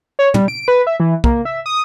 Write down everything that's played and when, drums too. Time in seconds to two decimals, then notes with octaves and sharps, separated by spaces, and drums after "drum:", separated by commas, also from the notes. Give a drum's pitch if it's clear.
0.19 C#5
0.34 G3, drum: tom
0.48 D7
0.68 B4
0.87 E5
1.00 E3
1.24 A#3, drum: kick
1.45 E5
1.66 D#6